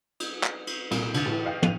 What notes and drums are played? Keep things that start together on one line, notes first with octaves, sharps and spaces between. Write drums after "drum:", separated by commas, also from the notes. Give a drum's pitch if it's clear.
drum: cymbal
drum: clap
drum: cymbal
C2 A#2, drum: cymbal
D3 A6, drum: cymbal
A2 E3
D#5 F5 G5 G6
A1 D#7 F7, drum: tom